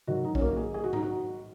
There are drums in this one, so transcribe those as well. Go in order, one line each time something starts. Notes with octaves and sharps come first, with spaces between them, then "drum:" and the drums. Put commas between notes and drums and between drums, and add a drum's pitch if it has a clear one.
G#2 D#3 F#3 F#4
D#4
C#4, drum: kick A#1
A#3
F#4
G#4
G#4
F#4
D#4, drum: tom G#2
F#4